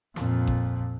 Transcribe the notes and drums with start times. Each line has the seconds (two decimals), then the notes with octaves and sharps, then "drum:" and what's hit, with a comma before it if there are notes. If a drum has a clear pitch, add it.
0.16 F2 A#2, drum: snare
0.47 drum: kick A1